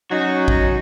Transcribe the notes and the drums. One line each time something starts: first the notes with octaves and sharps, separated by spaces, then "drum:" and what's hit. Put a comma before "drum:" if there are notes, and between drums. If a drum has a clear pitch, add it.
F#3 C#4 D#4 F#4
drum: kick